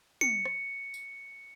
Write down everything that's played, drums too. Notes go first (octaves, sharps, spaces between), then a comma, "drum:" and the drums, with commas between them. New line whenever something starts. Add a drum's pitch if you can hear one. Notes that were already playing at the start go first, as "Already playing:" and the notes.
C#7, drum: tom
drum: rim click
drum: tambourine